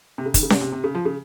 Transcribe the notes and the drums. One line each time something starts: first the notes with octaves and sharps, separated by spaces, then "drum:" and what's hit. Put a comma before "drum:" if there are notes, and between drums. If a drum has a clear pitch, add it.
C3
C#3
D#3, drum: kick, hi-hat
C#3
C3, drum: snare C#4
C3
C3
C#3
F3
C#3